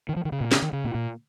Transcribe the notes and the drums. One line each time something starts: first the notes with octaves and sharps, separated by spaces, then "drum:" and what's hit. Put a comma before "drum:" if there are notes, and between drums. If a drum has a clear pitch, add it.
D#3
F3
D#3
C#3
A#2
C#3, drum: snare
D#3
C#3
A#2
A#2